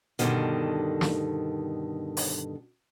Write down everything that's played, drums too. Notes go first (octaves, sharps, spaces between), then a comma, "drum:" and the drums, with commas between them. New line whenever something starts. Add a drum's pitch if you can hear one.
G2 B2 D3 D#3, drum: hi-hat
drum: snare
drum: open hi-hat